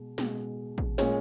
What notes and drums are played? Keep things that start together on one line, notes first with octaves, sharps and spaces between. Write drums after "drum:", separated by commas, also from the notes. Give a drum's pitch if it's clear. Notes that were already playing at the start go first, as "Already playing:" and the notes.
Already playing: B2 G#3
B2 G#3, drum: snare
drum: kick
A#2 G#3 C#4, drum: snare